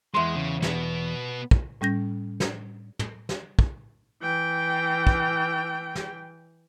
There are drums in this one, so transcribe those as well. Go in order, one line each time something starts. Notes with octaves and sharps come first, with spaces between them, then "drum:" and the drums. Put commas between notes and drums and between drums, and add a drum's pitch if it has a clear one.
E2 G#3 C6
C#3
B2 B3, drum: snare
drum: kick
A2 G3 C#4 G6 A#6
drum: snare
drum: tom
drum: snare
drum: kick
E3 G5
drum: kick
drum: snare